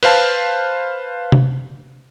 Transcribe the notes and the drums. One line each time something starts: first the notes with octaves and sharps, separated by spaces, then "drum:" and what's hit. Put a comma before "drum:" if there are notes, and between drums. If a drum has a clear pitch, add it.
B4 C5 F5 A5, drum: open hi-hat
drum: tom C3